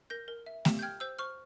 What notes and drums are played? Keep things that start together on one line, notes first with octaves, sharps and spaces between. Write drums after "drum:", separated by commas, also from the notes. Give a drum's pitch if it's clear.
A#4 G6 A#6
A#4
E5
G4, drum: snare A3
G6
G5 F6 G#6
C5 E6 G6
C5 C#6 F6